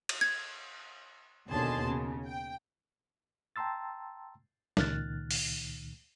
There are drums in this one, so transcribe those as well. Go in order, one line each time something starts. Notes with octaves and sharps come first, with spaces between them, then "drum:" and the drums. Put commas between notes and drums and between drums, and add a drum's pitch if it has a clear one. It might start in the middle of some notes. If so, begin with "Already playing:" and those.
drum: cymbal
G#6
D#2 B2 D3 G#4 A5 C6
C#3
G5
G5 A5 A#5 C6 E6 A6
C#2 A#2 D#3 F6 F#6 A6, drum: snare
drum: open hi-hat